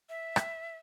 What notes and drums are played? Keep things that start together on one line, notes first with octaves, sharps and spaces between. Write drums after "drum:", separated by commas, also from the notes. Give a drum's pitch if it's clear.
E5
drum: rim click